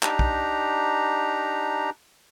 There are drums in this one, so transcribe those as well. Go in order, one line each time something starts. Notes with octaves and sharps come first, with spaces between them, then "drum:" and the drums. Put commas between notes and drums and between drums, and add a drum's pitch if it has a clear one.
D4 D#4 G4 A#5, drum: clap
drum: kick